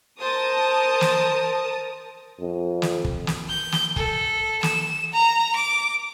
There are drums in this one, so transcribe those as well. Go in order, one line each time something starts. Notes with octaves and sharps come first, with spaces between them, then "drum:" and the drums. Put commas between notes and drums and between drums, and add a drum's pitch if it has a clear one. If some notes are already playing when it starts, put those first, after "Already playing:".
A#4 C5 A5 D#6
drum: snare
F2
drum: snare
drum: kick
drum: snare
G6
drum: snare
A4, drum: kick
E7, drum: snare
A#5
D6